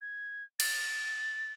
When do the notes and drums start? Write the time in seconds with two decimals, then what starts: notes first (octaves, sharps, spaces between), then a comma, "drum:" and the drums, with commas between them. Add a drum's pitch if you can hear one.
0.02 G#6
0.60 A6, drum: cymbal